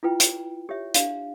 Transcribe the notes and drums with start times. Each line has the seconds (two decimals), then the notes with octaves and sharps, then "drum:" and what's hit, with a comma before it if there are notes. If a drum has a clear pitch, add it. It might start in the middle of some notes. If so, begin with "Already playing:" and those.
0.03 E4 F4 B4 G5
0.20 drum: hi-hat
0.69 G4 C#5 E5
0.94 D4 F5, drum: hi-hat